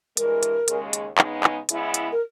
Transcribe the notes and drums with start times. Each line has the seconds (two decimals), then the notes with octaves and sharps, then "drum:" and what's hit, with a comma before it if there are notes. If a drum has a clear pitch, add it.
0.17 G2 E3 G#3 A#4, drum: hi-hat
0.43 drum: hi-hat
0.68 D#2 C#3 G#3, drum: hi-hat
0.93 drum: hi-hat
1.18 C#3 G#3 B3 D#4, drum: clap
1.44 drum: clap
1.69 C#3 G#3 B3 E4, drum: hi-hat
1.94 drum: hi-hat
2.12 A#4